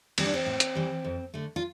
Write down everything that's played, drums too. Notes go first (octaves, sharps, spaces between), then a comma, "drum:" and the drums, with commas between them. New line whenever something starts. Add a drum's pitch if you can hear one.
E3 G3 C4, drum: cymbal
D4
C4
A2
drum: hi-hat
E3 G3
F2
D3 A3
F4